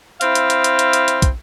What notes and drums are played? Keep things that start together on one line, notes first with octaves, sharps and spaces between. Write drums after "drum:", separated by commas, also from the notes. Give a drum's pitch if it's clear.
C4 E4 F5, drum: hi-hat
drum: hi-hat
drum: hi-hat
drum: hi-hat
drum: hi-hat
drum: hi-hat
drum: hi-hat
drum: kick, hi-hat